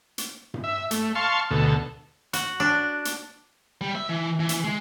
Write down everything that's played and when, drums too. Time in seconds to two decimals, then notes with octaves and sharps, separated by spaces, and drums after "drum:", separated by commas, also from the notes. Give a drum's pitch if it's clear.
0.18 drum: hi-hat
0.54 drum: tom G2
0.64 E5
0.91 A3, drum: hi-hat
1.15 F5 A5 C6 C#6
1.51 D2 B2 A4
2.33 F#4, drum: hi-hat
2.60 D4
3.05 drum: hi-hat
3.81 G3
3.95 E5
4.09 E3
4.40 E3
4.49 drum: hi-hat
4.64 G#3